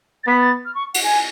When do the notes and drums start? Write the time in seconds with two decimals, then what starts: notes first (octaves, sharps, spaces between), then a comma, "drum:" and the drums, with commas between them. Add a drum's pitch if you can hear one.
0.24 A6
0.27 B3 B6
0.40 A6
0.65 F6
0.75 C#6
0.94 F#5, drum: cymbal
1.03 G#5